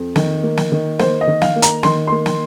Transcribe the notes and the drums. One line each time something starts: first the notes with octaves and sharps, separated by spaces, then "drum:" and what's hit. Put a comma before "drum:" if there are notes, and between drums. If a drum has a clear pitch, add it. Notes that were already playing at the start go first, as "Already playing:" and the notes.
Already playing: F2
D#3, drum: snare
A#3
drum: snare
D#3
A#3 C5, drum: snare
D#5
D#3
F5, drum: snare
A#3
A#5, drum: hi-hat
D#3 C6, drum: snare
A#3 C6
drum: snare